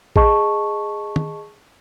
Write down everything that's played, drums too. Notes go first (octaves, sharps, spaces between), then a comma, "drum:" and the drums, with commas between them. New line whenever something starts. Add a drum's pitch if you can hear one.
G#4 D#5 A5 C#6, drum: kick A1
drum: tom